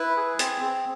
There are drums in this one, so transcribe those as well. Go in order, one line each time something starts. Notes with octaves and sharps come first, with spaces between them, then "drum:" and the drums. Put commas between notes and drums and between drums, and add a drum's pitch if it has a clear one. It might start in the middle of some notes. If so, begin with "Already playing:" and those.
Already playing: E4 B4
G#4
C4, drum: hi-hat
C4